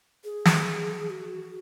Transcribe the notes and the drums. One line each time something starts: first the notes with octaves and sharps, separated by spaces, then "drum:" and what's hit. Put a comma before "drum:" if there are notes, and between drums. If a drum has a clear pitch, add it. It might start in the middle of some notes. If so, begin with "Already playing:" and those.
G#4
drum: snare
F#4